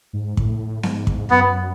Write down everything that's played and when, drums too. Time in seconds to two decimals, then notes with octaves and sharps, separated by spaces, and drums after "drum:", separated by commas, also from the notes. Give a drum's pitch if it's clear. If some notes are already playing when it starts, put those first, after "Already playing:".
0.13 G#2
0.37 A2, drum: kick
0.83 G#2, drum: snare B3
1.07 drum: kick
1.30 F#2 B3